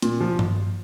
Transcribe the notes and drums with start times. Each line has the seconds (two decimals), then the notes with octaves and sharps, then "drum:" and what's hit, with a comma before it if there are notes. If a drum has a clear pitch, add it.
0.02 A#2, drum: hi-hat
0.21 F3
0.39 drum: tom G2